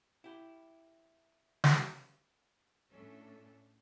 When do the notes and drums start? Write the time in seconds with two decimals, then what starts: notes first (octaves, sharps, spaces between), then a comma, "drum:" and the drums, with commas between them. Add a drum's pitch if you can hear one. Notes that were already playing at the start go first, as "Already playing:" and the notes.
0.24 E4 G4
1.64 drum: snare
2.91 A2 A3 C#4 D4 A4